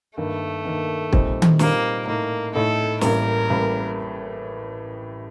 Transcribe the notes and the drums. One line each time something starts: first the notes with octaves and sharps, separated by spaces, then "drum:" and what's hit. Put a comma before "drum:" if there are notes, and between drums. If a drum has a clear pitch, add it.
G2 D#3 A3 A#3
G2 D#3 A#3
A#2 G3 C4 D#4, drum: kick
drum: tom D#3
A#2 G3 A#3 C4 D#4, drum: snare
A2 A3 A#3 D#4
A2 A3 D#4 A4
A1 A2 G3 A#3 A#4, drum: snare
A1 A2 G3 A#3